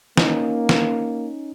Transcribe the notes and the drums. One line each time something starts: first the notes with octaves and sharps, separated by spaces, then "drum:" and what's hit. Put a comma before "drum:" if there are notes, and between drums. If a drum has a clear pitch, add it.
A#3 C#4 D#4, drum: snare
drum: snare